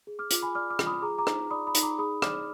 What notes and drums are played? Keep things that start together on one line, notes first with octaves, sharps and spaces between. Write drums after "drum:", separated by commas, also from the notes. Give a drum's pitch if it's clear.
G#4
D6 F6
F4 D6, drum: hi-hat
G#5 B5
D5 D6 F6
D6 F6
F4, drum: rim click
B5 D#6
G#4 A#5 D6
A#5 D6
D#4, drum: rim click
D5 B5 D#6
B5 D#6
D#4, drum: hi-hat
A#5 D6
G#4 B5 D#6
D5 D6 F6, drum: rim click